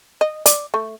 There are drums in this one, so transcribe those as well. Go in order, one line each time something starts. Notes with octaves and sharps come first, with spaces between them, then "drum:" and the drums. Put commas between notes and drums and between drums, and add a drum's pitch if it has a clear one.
D#5
D5, drum: hi-hat
A3